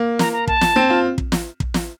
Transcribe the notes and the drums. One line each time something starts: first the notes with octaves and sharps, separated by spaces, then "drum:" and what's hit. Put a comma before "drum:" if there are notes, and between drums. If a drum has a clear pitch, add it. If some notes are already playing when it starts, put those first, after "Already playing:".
Already playing: A#3
A#5, drum: snare
A#5
A5, drum: kick
drum: snare
C4
F4
drum: kick
drum: snare
drum: kick
drum: snare